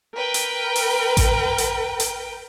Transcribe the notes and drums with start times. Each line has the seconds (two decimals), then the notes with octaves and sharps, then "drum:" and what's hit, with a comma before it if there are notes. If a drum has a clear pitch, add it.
0.13 A#4 B4 G5
0.34 drum: hi-hat
0.76 drum: open hi-hat
1.17 drum: kick A1, hi-hat
1.58 drum: hi-hat
2.00 drum: hi-hat